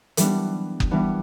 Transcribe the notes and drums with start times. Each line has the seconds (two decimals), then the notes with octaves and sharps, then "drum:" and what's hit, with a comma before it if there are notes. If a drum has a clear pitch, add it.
0.17 E3 G3 B3 D4, drum: hi-hat
0.80 drum: kick F#1
0.91 E3 G3 B3 D4